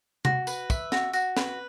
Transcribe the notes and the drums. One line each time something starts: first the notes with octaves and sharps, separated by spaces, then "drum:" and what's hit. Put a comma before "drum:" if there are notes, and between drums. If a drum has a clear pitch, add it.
F#4, drum: tom C3
B4, drum: tambourine
E5, drum: kick, tambourine
F#4, drum: snare
F#4, drum: tambourine
B4, drum: snare